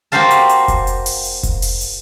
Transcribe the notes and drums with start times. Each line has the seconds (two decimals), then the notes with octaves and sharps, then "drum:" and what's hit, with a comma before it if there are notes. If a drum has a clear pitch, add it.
0.12 A#3 F#4 G4 C5 F5 A5
0.31 drum: hi-hat
0.49 drum: hi-hat
0.68 drum: kick F1, hi-hat
0.87 drum: hi-hat
1.06 drum: open hi-hat
1.25 drum: hi-hat
1.43 drum: kick F1, hi-hat
1.62 drum: open hi-hat
1.81 drum: hi-hat